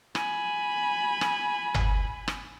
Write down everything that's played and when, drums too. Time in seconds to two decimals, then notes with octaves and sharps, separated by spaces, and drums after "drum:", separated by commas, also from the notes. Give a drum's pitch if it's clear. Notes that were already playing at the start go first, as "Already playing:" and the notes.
0.15 G#5 B5, drum: rim click
1.21 drum: rim click
1.74 drum: tom G1
2.28 drum: rim click